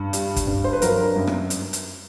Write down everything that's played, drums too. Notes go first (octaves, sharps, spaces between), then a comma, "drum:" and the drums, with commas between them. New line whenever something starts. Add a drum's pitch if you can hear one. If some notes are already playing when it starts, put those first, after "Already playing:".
Already playing: G2
G3, drum: hi-hat
drum: kick, hi-hat
G2
C5
B4
F#3 A#4, drum: hi-hat
F#2
drum: rim click
drum: hi-hat
drum: hi-hat